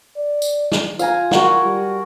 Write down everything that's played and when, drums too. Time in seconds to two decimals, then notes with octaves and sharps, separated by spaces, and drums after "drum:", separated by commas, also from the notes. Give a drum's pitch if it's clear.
0.17 D5
0.42 drum: tambourine
0.72 drum: snare
0.99 F4 F5 G#5 A#5, drum: tambourine
1.31 F#4 A#4 F#5, drum: snare
1.64 G3